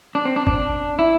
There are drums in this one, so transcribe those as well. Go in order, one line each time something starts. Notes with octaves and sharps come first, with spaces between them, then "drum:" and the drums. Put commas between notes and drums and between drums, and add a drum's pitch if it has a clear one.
D4
C4
D4
D4, drum: kick
E4